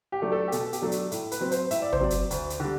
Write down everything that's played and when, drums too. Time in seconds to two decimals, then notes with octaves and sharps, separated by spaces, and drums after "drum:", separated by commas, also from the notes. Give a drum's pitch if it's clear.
0.12 G4
0.22 F#3 A3 D4
0.32 A4
0.48 G4
0.52 B2 A4, drum: hi-hat
0.73 G4, drum: hi-hat
0.82 F#3 A3 D4 A4
0.92 drum: hi-hat
1.12 A2, drum: hi-hat
1.31 B4, drum: hi-hat
1.41 F#3 C4
1.51 C5, drum: hi-hat
1.71 A2 E5, drum: hi-hat
1.82 D5
1.93 C5, drum: tom
2.01 F#3 C4 D5
2.10 drum: hi-hat
2.31 D2, drum: hi-hat
2.50 drum: hi-hat
2.60 D3 G3